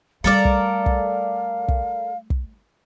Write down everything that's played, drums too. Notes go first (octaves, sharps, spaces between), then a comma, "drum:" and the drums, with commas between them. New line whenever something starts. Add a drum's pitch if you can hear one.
G3 A3 A4 A#4 D5 F5
drum: kick
drum: kick
drum: kick
drum: kick